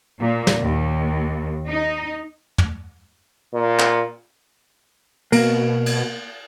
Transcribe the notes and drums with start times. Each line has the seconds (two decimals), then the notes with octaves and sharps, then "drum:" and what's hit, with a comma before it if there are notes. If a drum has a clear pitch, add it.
0.20 A#2
0.47 drum: snare
0.62 D#2
1.70 D#4
2.58 drum: tom
3.54 A#2
3.79 drum: clap
5.32 B2 A#3, drum: cymbal
5.86 drum: cymbal